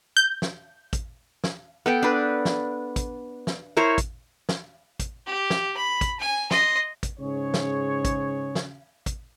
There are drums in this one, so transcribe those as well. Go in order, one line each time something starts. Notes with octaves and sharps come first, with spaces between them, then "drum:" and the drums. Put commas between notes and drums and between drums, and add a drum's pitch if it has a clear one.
G6
drum: snare
drum: kick, hi-hat
drum: snare
B3 A4 G5
D4 B4
drum: snare
drum: kick, hi-hat
drum: snare
E4 A#4 C5 C#5
drum: kick, hi-hat
drum: snare
drum: kick, hi-hat
G4
drum: snare
B5
drum: kick, hi-hat
G#5
D#5 C6, drum: snare
drum: kick, hi-hat
G#2 C#3 G#4 C#5
drum: snare
drum: kick, hi-hat
drum: snare
drum: kick, hi-hat